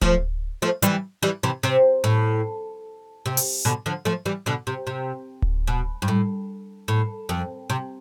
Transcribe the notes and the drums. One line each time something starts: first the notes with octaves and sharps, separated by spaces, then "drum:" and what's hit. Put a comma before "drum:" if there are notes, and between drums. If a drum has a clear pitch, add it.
F3 A3, drum: kick D1
F3 A3
E3 G3, drum: hi-hat
E3 G3
C3 E3
C3
A2
C3
drum: open hi-hat
B2 D3
D3 F3
F3 A3
E3 G3
B2 D3
C3
C3
drum: kick D1
B2
G2
A2
A2
F2
C3